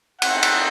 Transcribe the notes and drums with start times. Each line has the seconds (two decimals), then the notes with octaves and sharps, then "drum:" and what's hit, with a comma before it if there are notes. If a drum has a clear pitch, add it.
0.22 A3 C4 D#4 F#5, drum: cymbal
0.43 drum: cymbal